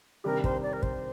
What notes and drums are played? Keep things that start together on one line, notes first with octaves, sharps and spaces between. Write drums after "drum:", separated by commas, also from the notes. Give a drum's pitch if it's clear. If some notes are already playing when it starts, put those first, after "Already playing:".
C3 D#3 G3 D4 G4 A#4
C5, drum: kick
D5
A#4
C5, drum: kick